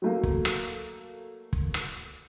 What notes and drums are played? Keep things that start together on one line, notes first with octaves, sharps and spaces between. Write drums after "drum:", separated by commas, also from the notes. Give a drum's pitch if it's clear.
F#3 A3 A#3
drum: kick
drum: rim click
drum: kick
drum: rim click